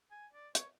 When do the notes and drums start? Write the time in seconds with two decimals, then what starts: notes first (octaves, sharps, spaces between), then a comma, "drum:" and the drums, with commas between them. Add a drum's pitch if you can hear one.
0.11 G#5
0.33 D5
0.55 C#5, drum: hi-hat